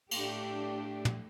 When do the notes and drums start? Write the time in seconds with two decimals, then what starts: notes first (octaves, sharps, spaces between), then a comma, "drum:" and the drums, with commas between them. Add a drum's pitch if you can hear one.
0.11 A2 A3 D4 G4, drum: cymbal
1.05 drum: tom